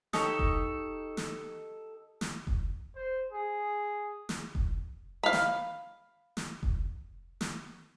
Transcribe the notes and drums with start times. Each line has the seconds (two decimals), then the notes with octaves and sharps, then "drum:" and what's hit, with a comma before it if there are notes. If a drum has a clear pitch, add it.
0.13 D#4 G4 A4 C#5, drum: snare
0.39 drum: kick F1
1.17 drum: snare
2.21 drum: snare
2.47 drum: kick F1
2.95 C5
3.32 G#4
4.29 drum: snare
4.55 drum: kick F1
5.23 F5 B5
5.33 drum: snare
6.37 drum: snare
6.63 drum: kick F1
7.41 drum: snare